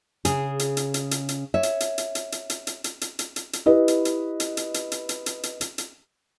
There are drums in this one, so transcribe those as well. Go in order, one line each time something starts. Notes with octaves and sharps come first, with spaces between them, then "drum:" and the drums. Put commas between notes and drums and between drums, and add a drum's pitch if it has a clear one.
C#3 G#4, drum: hi-hat
drum: hi-hat
drum: hi-hat
drum: hi-hat
drum: hi-hat
drum: hi-hat
C#5 E5
drum: hi-hat
drum: hi-hat
drum: hi-hat
drum: hi-hat
drum: hi-hat
drum: hi-hat
drum: hi-hat
drum: hi-hat
drum: hi-hat
drum: hi-hat
drum: hi-hat
drum: hi-hat
E4 G4 B4 D#5
drum: hi-hat
drum: hi-hat
drum: hi-hat
drum: hi-hat
drum: hi-hat
drum: hi-hat
drum: hi-hat
drum: hi-hat
drum: hi-hat
drum: hi-hat
drum: hi-hat